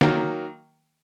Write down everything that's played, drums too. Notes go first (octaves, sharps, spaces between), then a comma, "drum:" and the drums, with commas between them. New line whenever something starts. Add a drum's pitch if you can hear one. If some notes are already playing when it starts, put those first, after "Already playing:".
D#3 F#3 A#3, drum: snare